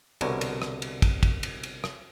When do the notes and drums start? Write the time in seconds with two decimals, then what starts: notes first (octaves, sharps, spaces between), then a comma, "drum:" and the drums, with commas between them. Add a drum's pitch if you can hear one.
0.21 C2 B2 D3 A#4 C#5, drum: cymbal
0.41 drum: cymbal
0.62 drum: rim click
0.82 drum: cymbal
1.02 drum: kick, cymbal
1.23 drum: kick, cymbal
1.43 drum: cymbal
1.63 drum: cymbal
1.84 drum: rim click